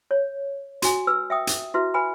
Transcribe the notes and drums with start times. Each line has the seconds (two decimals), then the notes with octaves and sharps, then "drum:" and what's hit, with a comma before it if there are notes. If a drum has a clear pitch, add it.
0.11 C#5
0.82 F#4 G#5, drum: hi-hat
1.07 B4 E6
1.30 E5 G5 D#6
1.47 drum: hi-hat
1.74 E4 F#4 B4 E5
1.94 B4 G#5 B5